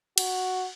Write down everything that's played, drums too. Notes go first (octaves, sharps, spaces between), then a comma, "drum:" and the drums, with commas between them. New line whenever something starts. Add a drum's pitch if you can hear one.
F#4, drum: cymbal